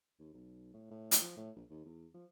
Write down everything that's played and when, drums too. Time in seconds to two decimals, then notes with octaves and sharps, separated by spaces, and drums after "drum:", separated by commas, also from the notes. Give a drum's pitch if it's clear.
0.20 D#2
0.33 B1
0.74 A2
0.91 A2
1.11 drum: hi-hat
1.22 F3
1.37 A2
1.56 A#1
1.70 D#2
1.85 E2
2.14 F3